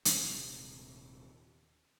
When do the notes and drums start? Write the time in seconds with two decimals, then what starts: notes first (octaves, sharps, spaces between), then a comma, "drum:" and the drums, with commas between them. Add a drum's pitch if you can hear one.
0.05 D#1 C3, drum: hi-hat